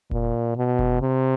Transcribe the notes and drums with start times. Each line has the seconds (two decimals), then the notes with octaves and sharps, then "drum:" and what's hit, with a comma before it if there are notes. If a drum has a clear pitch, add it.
0.11 A#2, drum: kick F1
0.56 B2
0.79 drum: kick F1
1.01 C3